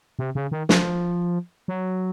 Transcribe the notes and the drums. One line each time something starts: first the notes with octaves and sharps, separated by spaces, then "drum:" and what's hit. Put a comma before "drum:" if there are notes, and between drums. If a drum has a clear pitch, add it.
C3
C#3
D#3
F3, drum: snare
F#3